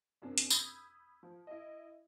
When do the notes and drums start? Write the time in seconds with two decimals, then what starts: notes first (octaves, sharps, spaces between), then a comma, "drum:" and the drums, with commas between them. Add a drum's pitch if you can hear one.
0.22 F#2 C3 A#3 C4 D4
0.38 drum: hi-hat
0.50 B5 D#6 E6 G6 G#6, drum: tambourine
1.23 F3
1.47 E4 D#5